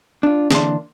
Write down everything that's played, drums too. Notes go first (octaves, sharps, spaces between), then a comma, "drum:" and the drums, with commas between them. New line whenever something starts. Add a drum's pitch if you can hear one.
D4 F4
D3 E3 A#3 D4 A5 C6, drum: snare